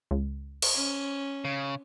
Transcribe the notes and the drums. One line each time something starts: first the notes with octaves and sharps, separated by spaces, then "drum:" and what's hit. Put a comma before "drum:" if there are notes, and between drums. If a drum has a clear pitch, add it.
C#2
drum: cymbal
C#4
C#3